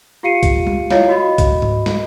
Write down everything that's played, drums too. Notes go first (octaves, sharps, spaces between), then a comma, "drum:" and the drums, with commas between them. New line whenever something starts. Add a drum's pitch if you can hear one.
F4 G4 F5 C7 C#7 D#7
drum: kick, hi-hat
drum: tom
E4 F4 C#5 D#5 F5, drum: snare
F#4 D#5 B5
drum: kick, hi-hat
drum: tom G#2
drum: snare